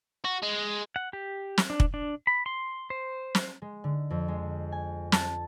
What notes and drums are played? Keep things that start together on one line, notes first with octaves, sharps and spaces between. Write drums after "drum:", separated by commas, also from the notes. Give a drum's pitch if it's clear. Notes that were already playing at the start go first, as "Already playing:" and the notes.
F#4
G#3
F#5
G4
drum: snare
D4
drum: kick
D4
B5
C6
C5
drum: snare
G#3
D3
F2
G#3
G#5
A5, drum: snare